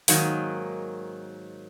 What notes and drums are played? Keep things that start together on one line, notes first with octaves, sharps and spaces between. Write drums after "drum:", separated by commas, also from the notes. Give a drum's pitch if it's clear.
G#2 D#3 F#3 A#3, drum: open hi-hat